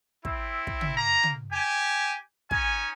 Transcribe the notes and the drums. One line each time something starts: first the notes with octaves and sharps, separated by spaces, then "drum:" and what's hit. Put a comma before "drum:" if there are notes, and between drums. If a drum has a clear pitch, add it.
C4 E4, drum: kick
drum: kick
drum: tom
A#3 A#5
drum: tom
G4 G#5
C#4 D#4 G#5, drum: kick